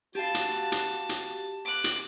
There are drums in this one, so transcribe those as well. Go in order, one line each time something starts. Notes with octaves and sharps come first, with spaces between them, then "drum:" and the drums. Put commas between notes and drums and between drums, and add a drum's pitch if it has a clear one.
F#4 G4 F5 A5
drum: hi-hat
drum: hi-hat
drum: hi-hat
D6 F#6
drum: hi-hat